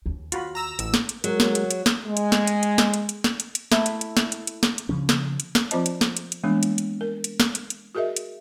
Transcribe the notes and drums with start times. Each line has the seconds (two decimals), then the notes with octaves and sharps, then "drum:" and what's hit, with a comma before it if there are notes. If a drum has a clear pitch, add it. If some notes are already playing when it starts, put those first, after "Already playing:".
0.06 D#2
0.32 F4 F#4 B5, drum: hi-hat
0.55 A#5 E6
0.79 A1 E6, drum: hi-hat
0.94 drum: snare
1.09 drum: hi-hat
1.24 F#3 G#3 A#4, drum: hi-hat
1.40 drum: snare
1.55 drum: hi-hat
1.71 drum: hi-hat
1.86 drum: snare
2.06 G#3
2.17 drum: hi-hat
2.32 drum: snare
2.47 drum: hi-hat
2.63 drum: hi-hat
2.78 drum: snare
2.94 drum: hi-hat
3.09 drum: hi-hat
3.24 drum: snare
3.40 drum: hi-hat
3.55 drum: hi-hat
3.72 A3 E4, drum: snare
3.86 drum: hi-hat
4.01 drum: hi-hat
4.17 drum: snare
4.32 drum: hi-hat
4.47 drum: hi-hat
4.63 drum: snare
4.78 drum: hi-hat
4.89 C#3 F3 C#4
5.09 drum: snare
5.40 drum: hi-hat
5.55 drum: snare
5.71 F3 C4 F4 C5 D#5 A5, drum: hi-hat
5.86 drum: hi-hat
6.01 drum: snare
6.17 drum: hi-hat
6.32 drum: hi-hat
6.43 E3 G3 G#3 A#3 B3 D4
6.63 drum: hi-hat
6.78 drum: hi-hat
7.01 A#4
7.24 drum: hi-hat
7.40 drum: snare
7.55 drum: hi-hat
7.70 drum: hi-hat
7.95 F#4 G#4 A#4 D#5 E5
8.16 drum: hi-hat